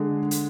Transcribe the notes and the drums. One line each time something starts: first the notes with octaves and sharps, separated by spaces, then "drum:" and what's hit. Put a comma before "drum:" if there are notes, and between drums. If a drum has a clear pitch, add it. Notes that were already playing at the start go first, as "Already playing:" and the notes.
Already playing: D3 G#3
drum: hi-hat